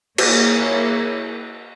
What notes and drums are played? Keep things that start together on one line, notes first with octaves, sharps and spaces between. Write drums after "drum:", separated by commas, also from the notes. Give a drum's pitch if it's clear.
A#3 E4 G#4 C#5, drum: cymbal